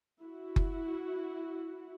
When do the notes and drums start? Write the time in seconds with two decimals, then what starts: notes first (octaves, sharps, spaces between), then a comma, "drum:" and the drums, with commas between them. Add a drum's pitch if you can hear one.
0.23 E4 F#4
0.56 drum: kick F#1